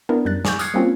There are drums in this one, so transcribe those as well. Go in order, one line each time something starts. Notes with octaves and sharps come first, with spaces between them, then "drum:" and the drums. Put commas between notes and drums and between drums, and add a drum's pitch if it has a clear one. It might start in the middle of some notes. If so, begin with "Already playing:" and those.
B3 D4 E4 A#4
F#2 G3 F#6 A6
G#5 C#6 D6 E6 G6, drum: snare
D#6 F6 F#6 G#6 C7 C#7, drum: tambourine
G3 A#3 C4 C#4 F4